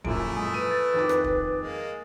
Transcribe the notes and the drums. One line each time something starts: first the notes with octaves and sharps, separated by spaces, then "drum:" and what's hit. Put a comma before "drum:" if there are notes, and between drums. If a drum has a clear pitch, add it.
F#2 A#2 F3 A3 E4 D7, drum: kick
G#3 G#5 D#6
B4 D#7
A6
F2 D#3 D6
drum: rim click
drum: kick
G#3 A#3